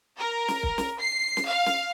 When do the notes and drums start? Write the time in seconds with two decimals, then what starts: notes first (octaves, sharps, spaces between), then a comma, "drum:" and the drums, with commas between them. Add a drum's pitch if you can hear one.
0.19 A#4
0.48 drum: snare
0.63 drum: kick B1
0.78 drum: snare
0.99 C7
1.37 drum: snare
1.47 F5
1.66 drum: snare